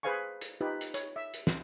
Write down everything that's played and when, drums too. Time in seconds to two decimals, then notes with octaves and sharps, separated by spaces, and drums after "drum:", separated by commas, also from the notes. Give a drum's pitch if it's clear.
0.03 G#4 B4 C5 F5 G#5 C#6
0.41 drum: hi-hat
0.61 D#4 F4 G4 B4
0.81 drum: hi-hat
0.94 C#5, drum: hi-hat
1.16 E5
1.34 drum: hi-hat
1.47 drum: snare